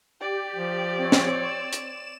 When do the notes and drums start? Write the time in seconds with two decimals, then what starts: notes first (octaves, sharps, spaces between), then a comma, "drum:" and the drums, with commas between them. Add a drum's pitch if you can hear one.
0.21 G4 D5
0.56 F3
0.98 C4 C#5
1.12 drum: snare
1.42 E7
1.73 drum: hi-hat